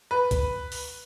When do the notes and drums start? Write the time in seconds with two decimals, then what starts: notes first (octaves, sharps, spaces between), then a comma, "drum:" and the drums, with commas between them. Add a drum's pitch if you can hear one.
0.11 B4
0.31 drum: kick C#2, hi-hat
0.72 drum: open hi-hat